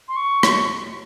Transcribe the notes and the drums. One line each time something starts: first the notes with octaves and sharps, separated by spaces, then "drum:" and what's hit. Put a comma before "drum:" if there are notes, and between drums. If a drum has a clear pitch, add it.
C6
C#6
drum: rim click